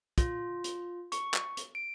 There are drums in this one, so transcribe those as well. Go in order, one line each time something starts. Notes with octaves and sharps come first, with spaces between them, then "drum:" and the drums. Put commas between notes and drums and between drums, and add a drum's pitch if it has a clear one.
F4, drum: kick, hi-hat
drum: hi-hat
C#6, drum: hi-hat
drum: clap
drum: hi-hat
D7